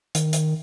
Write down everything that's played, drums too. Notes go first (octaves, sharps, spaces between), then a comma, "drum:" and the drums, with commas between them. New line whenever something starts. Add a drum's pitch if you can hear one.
D#3, drum: hi-hat
drum: hi-hat